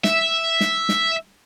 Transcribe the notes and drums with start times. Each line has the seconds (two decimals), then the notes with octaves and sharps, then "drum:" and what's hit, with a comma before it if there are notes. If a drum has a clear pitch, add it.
0.04 E5, drum: snare
0.61 drum: snare
0.89 drum: snare